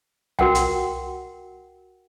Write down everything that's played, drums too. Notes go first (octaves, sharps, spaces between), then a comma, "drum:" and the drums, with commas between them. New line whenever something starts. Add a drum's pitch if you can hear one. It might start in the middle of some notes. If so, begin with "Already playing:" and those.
F#4 A#4 F#5 G5, drum: tom C2
drum: hi-hat